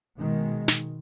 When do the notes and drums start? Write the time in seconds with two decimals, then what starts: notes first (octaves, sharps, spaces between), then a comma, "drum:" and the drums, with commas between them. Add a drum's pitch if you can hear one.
0.18 B2 D#3 G#3
0.68 drum: snare